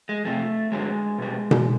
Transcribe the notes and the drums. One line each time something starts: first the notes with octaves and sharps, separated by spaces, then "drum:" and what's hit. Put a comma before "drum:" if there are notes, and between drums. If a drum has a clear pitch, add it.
G#3
F2 C3 F3 A3
G2 D3 F#3 G#3
B2 G3
drum: tom B2